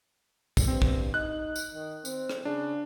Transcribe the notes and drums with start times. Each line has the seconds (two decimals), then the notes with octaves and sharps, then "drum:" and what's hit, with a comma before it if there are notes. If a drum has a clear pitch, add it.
0.57 drum: kick, tambourine
0.68 G2 C4
0.82 drum: kick
1.14 D#4 F#6
1.56 drum: tambourine
1.75 D#3
2.05 C4, drum: tambourine
2.30 drum: rim click
2.45 C#3 D4